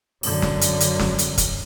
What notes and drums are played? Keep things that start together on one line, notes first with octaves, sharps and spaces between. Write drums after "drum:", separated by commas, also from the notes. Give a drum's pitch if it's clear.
F#2 D3, drum: open hi-hat
drum: snare
drum: hi-hat
drum: hi-hat
drum: snare
drum: hi-hat
drum: kick, hi-hat